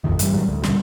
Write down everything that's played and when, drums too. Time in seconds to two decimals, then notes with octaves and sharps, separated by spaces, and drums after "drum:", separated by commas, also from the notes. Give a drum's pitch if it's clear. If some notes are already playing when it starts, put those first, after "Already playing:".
0.04 A1 F2 A2 D#3
0.19 G2 E3 F3 G3, drum: hi-hat
0.33 A2 D#3 F#3 G3
0.48 D2
0.63 A#2 D3 G3, drum: snare